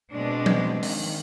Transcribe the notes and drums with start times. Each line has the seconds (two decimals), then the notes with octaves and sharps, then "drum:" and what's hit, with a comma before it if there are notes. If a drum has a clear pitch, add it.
0.12 B2 G#3 C4 D4
0.46 drum: tom F3
0.83 D#3, drum: open hi-hat